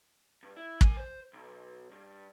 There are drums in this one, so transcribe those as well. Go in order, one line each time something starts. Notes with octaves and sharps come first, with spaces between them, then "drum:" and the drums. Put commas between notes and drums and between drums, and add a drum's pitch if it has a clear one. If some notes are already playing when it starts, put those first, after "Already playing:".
G2
E4
A#4 G#5, drum: kick
C5
B1
G2